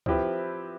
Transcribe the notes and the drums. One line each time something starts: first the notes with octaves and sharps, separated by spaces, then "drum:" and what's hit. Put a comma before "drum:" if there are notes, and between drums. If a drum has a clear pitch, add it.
F3 C4 E4 G4 B4, drum: kick